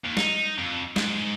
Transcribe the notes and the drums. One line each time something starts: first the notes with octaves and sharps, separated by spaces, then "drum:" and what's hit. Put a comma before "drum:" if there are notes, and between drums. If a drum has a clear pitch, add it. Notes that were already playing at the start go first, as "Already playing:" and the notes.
D#2
D#4, drum: snare
F2
G#2, drum: snare